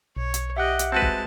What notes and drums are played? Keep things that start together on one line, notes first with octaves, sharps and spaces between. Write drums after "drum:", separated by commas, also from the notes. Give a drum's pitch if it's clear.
B1 C#5
drum: hi-hat
G4 D#5 E5 F#5 F#6
drum: hi-hat
G#3 C4 F#4 B4 A5
drum: kick